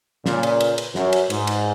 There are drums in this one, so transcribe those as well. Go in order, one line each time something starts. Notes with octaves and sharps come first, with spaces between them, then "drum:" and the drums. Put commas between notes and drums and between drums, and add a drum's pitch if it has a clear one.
A#2 C#3, drum: snare
drum: cymbal
drum: cymbal
drum: cymbal
F#2, drum: snare
drum: cymbal
G#2, drum: cymbal
drum: cymbal